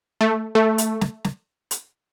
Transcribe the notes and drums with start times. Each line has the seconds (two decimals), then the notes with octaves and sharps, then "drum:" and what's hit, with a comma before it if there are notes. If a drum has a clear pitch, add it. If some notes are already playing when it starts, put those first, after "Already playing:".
0.21 A3
0.55 A3
0.78 drum: hi-hat
1.01 drum: snare
1.24 drum: snare
1.71 drum: hi-hat